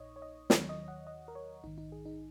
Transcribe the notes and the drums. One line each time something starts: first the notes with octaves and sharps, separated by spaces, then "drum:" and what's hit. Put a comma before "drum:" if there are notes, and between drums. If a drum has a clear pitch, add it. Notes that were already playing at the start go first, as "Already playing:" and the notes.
Already playing: A#1 A#2 D#4 C#5 D#5
C#5
D#5
D#2 D#3 F#3 C#5, drum: snare
D#5
F#5
D#5
A#4
C#5
A#1 G#2 D#3 D#4
D#4
G#4
D#4